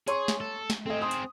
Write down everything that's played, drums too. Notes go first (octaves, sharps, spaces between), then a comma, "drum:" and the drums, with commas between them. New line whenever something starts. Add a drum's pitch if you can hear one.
G#4 C#5 C6 C#6, drum: hi-hat
drum: snare
A4
drum: snare
A3 C4 G#4 D#5
C6 D#6
drum: hi-hat